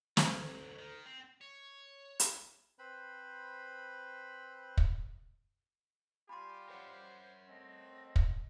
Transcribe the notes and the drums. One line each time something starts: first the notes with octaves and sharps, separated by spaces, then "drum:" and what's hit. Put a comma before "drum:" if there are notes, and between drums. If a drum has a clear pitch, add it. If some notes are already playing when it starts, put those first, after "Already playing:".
D2 G#2 D3 F#3 G5, drum: snare
D#3
C4
C#5
drum: hi-hat
C4 B4 C5 B5
drum: kick
G3 F4 G4 G#5 B5 C6
A#4 C5 C#5 F#5
A3 C4 D#5
drum: kick